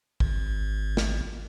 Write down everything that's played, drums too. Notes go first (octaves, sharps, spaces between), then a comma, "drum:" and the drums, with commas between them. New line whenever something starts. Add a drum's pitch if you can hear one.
G#1, drum: kick
drum: snare